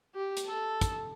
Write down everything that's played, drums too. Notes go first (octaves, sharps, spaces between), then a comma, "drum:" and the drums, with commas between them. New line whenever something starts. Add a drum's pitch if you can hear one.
G4
drum: hi-hat
A4
drum: kick, hi-hat